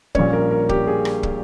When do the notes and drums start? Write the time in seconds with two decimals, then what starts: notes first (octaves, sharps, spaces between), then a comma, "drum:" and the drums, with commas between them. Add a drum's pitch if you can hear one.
0.15 A#1 A#2 G3 C#4 C#5, drum: kick
0.33 A#4
0.51 A#4
0.69 G4, drum: kick
0.87 G#4
1.05 drum: rim click
1.23 drum: kick